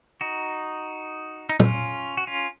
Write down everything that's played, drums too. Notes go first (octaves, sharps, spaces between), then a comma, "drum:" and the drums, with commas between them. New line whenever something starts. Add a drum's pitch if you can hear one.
D#4 F#4
D#4
C#4 F4, drum: tom
F#4
C#4 F4